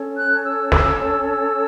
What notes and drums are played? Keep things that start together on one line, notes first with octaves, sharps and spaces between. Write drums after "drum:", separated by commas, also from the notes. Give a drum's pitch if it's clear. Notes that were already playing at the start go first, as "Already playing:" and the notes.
Already playing: C#4 A4 C#5
F#6
E6
E6, drum: snare
E6
E6